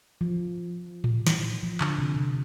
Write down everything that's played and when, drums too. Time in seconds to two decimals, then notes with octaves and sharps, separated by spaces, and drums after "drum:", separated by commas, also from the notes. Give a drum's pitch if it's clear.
0.21 F3
1.04 drum: tom A2
1.27 drum: snare
1.63 F3
1.81 D3, drum: clap
1.99 C3
2.16 C3